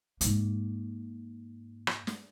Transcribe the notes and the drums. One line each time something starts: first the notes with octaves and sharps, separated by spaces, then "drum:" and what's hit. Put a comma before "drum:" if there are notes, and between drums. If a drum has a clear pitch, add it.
G#2 A#3, drum: hi-hat
drum: rim click
drum: snare